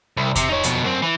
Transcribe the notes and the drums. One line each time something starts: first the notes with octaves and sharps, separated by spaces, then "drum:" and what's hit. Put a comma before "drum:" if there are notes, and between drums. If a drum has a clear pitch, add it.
C2
C3, drum: kick E2, hi-hat
D#4 C#5
F2 B2, drum: hi-hat
F#2 C4
E3